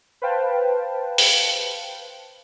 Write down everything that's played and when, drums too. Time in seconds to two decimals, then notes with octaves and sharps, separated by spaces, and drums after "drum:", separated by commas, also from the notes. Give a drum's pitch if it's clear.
0.22 B4 C5 F5 G5 A5
1.18 drum: open hi-hat